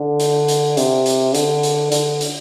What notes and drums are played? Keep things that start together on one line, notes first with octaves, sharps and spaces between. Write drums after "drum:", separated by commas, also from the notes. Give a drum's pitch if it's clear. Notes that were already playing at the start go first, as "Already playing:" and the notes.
Already playing: D3
drum: hi-hat
drum: hi-hat
C3, drum: hi-hat
drum: hi-hat
D3, drum: hi-hat
drum: hi-hat
D3, drum: hi-hat
drum: hi-hat